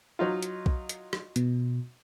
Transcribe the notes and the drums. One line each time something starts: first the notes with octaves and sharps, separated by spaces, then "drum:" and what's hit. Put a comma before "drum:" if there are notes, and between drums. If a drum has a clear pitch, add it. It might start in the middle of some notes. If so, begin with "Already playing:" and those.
F#3 D#4 F4
drum: hi-hat
drum: kick B1
drum: hi-hat
drum: rim click
B2, drum: hi-hat